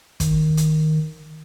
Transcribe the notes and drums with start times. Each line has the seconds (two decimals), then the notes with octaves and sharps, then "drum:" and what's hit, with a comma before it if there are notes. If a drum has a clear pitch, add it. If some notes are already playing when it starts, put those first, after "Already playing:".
0.20 D#3, drum: kick, hi-hat
0.57 drum: hi-hat